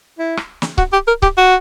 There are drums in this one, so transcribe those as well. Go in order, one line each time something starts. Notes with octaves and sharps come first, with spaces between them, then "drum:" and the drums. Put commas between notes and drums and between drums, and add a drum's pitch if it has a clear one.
E4
drum: rim click
drum: snare
F#4, drum: kick C#1
G4
A#4
G4, drum: kick C#1
F#4